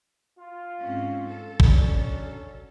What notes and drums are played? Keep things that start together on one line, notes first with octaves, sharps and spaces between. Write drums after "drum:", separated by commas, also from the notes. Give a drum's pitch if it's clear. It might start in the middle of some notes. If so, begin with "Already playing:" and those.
F4
G#2 C4 C#4
A4
F#3 C#4 D4, drum: kick A1